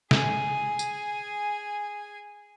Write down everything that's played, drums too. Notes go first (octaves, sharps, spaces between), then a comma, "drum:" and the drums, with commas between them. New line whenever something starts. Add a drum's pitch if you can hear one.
G#4 G#5, drum: snare
drum: tambourine